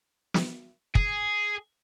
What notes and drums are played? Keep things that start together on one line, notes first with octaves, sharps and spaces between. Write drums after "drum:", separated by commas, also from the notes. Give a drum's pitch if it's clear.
drum: snare
G#4, drum: kick